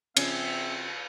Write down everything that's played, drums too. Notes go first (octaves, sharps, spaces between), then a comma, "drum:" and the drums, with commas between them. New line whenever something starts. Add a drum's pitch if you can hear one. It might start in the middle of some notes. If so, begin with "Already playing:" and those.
C#3 F3 C4 C#4 E5, drum: cymbal